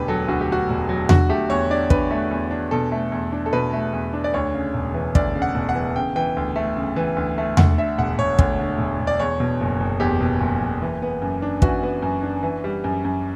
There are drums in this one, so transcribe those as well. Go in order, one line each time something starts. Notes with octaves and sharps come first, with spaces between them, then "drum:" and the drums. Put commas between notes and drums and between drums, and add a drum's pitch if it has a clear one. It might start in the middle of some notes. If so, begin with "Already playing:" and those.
Already playing: E1 D2 D3 G4 B4
F#3 A4
D2 F#4
G4
D3 F#4
E1
F#3
D3 F#4, drum: tom E2
A3 G4
E2 C#5
D4 D5
D3 B4, drum: kick
A3
E2
D4
B2 A4
A3
E2
D4
A4
B2 B4
A3
E2
D4
D5
D2 C#5
C#3
E1
E3
D2 D5, drum: kick
C#3
F#5
E1
F#5
E3
C#3 G5
E3 G5
D2
A3
C#3
E3
D2
A3
D2 F#5, drum: tom E2
D3 E5
E1 F#5
E1 C#5
D2, drum: kick
D3
E1
E1
D5
E2 C#5
B2
F#1
F#1
E2 G4
B2
F#1
F#1
E3
B3
F#2
D4
E3 F#4, drum: kick
B3
F#2
D4
E3
G3
F#2
F#2